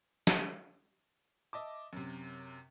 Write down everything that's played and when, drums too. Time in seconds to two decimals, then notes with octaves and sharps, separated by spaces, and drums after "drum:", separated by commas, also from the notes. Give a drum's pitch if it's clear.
0.27 drum: snare
1.53 D#5 E5 A5 D6
1.93 F#2 C3